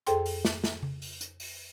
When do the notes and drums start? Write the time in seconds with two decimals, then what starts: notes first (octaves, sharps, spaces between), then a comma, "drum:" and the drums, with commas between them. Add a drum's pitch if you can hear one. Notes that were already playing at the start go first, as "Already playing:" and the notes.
0.07 F2 G#4 A4 C5 G5 C6, drum: hi-hat
0.26 drum: open hi-hat
0.45 drum: snare
0.64 drum: snare
0.83 drum: tom C#3
1.02 drum: open hi-hat
1.21 drum: hi-hat
1.40 drum: open hi-hat